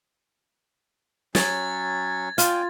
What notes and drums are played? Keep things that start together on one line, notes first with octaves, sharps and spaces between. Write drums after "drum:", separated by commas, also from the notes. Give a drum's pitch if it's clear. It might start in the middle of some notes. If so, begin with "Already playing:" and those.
F#3 C#4 G#6 A6, drum: snare
F4 D5 G5 G#5, drum: hi-hat